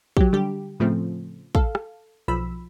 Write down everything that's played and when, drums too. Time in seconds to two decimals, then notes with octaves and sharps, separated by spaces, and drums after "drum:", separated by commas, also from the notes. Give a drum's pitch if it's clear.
0.17 F#3 G4, drum: kick
0.33 D3 G3 G4
0.80 A2 C#3 F3 A3 C4
1.55 A4 F5, drum: kick
1.75 drum: rim click
2.28 B1 F3 B5 E6